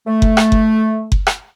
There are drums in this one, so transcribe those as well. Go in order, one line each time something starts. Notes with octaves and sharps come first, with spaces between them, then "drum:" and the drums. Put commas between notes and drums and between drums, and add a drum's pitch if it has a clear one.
A3
drum: kick F#1
drum: rim click
drum: kick F#1
drum: kick F#1
drum: rim click